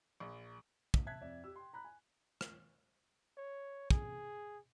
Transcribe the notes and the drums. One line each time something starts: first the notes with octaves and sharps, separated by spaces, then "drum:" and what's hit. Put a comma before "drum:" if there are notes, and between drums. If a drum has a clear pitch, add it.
A#1
drum: kick
E5 A5 F#6 G#6 B6
F2 D5 E5
G4 E6
G5 C6
A#5 B5 F#6
G#5
drum: rim click
C#5
G#4, drum: kick